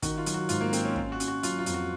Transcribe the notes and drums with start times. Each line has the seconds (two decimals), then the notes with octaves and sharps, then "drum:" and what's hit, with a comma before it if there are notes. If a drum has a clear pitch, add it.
0.02 D#3 F#4, drum: kick, hi-hat
0.18 F4
0.26 F#3, drum: hi-hat
0.34 F#4
0.49 G#2 F4, drum: hi-hat
0.61 A#3
0.73 A#3 C4, drum: hi-hat
0.85 C#4
0.96 C#4 F4, drum: kick
1.12 F#4
1.20 C#4, drum: hi-hat
1.28 F#4
1.43 F#3 F4, drum: hi-hat
1.59 F4
1.66 F2, drum: hi-hat
1.74 F#4